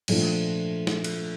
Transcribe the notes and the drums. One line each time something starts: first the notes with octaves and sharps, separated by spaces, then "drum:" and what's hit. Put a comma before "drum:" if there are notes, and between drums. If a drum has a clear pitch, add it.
A#2 F3 A3 D4 F4, drum: cymbal
drum: snare
drum: cymbal